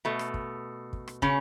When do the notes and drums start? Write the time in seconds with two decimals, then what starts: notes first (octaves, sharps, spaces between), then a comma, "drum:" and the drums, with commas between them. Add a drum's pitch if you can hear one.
0.05 B2 A3
0.19 drum: rim click
0.34 drum: kick
0.93 drum: kick
1.08 drum: rim click
1.22 C#3 C#4, drum: kick